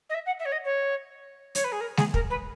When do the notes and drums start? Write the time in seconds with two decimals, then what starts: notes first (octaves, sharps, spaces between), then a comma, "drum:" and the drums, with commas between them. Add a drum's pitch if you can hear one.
0.09 D#5
0.14 E5
0.26 F#5
0.39 E5
0.45 C#5
0.52 D#5
0.65 C#5
1.55 C#5, drum: hi-hat
1.64 B4
1.72 G#4
1.80 A#4
1.97 G#4, drum: snare G#3
2.14 A#4, drum: kick
2.30 B4